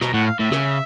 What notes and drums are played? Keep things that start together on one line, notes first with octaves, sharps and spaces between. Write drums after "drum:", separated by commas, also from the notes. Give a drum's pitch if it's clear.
B2 A#5, drum: rim click
A2 F#5
F5
A2 E5
C#3, drum: rim click